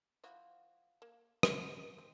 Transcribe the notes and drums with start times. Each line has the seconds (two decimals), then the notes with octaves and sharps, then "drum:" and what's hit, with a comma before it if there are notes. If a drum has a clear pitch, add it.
0.24 F3 E4 F#4
1.02 A#3
1.43 B3 C5, drum: rim click
1.98 C4